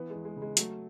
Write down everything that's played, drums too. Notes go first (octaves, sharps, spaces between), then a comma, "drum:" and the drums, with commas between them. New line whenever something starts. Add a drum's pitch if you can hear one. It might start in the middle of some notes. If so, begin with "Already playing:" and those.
Already playing: E3 B3
G#3
E2
G#3
C#3
G#3
F#3 A3, drum: hi-hat